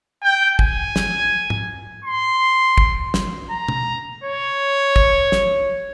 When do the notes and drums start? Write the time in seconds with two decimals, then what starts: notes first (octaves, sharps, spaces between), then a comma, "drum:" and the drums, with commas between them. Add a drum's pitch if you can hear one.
0.23 G5
0.59 G#5, drum: kick
0.96 drum: snare
1.50 drum: tom
2.04 C6
2.78 drum: kick
3.14 drum: snare
3.50 A#5
3.68 drum: tom
4.24 C#5
4.96 drum: kick
5.32 drum: snare